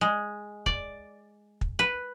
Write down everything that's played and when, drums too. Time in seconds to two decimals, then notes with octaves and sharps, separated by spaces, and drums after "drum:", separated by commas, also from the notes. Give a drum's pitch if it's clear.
0.01 G#3
0.66 D5, drum: kick
1.61 drum: kick
1.79 B4